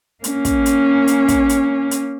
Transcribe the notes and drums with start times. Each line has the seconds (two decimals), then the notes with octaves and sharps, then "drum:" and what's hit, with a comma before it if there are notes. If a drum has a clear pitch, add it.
0.24 A#3 C#4, drum: hi-hat
0.45 drum: kick, hi-hat
0.66 drum: hi-hat
1.08 drum: hi-hat
1.28 drum: kick, hi-hat
1.49 drum: hi-hat
1.91 drum: hi-hat